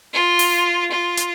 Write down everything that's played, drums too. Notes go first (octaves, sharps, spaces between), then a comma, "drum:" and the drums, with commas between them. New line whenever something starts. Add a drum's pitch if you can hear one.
F4
drum: open hi-hat
F4
drum: hi-hat